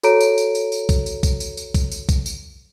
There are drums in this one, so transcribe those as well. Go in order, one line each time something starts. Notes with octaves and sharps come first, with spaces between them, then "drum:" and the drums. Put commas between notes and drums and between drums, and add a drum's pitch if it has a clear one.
F#4 A4 C#5 A#5 D7, drum: tambourine
drum: tambourine
drum: tambourine
drum: tambourine
drum: tambourine
drum: kick B1, tambourine
drum: tambourine
drum: kick B1, tambourine
drum: tambourine
drum: tambourine
drum: kick B1, tambourine
drum: tambourine
drum: kick B1, tambourine
drum: tambourine